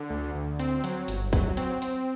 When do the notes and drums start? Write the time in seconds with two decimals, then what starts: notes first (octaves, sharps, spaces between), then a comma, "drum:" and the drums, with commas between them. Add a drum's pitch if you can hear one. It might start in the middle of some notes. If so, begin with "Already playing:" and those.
Already playing: D3
0.10 D2
0.35 D2
0.59 C4, drum: hi-hat
0.84 F#3, drum: hi-hat
1.08 G1, drum: hi-hat
1.33 F#3, drum: kick, hi-hat
1.57 C4, drum: hi-hat
1.82 C4, drum: hi-hat